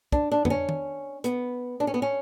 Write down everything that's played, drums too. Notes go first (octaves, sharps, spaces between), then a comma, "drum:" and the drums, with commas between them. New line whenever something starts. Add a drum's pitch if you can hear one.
D4, drum: kick
D4
B3, drum: tom F2
C#4
drum: tom D#3
B3, drum: hi-hat
D4
C#4
B3
C#4